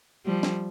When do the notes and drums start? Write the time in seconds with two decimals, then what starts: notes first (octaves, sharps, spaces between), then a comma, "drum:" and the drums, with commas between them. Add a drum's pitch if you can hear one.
0.26 F3 G3
0.43 drum: snare